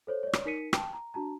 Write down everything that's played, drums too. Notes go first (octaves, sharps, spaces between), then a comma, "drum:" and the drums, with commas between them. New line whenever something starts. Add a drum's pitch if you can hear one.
A4 C5 C#5
C#5 D5
drum: rim click
D#4 A#4 B6 C#7 D#7
G5 A5, drum: rim click
A#5
D4 F#4 A5 A#5